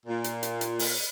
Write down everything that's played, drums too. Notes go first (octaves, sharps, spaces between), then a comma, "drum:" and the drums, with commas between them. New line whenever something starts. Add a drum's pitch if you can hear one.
A#2
drum: hi-hat
drum: hi-hat
drum: hi-hat
drum: open hi-hat